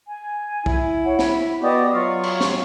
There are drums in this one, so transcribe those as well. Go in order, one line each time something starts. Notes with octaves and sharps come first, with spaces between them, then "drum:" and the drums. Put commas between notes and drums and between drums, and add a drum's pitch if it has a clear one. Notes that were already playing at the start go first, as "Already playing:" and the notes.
G#5
E4, drum: kick
C#5 F#5
B5, drum: snare
B3 F#4 G4 D5 D#5 D#6
F#3 F4 F5 C#6
drum: cymbal
drum: snare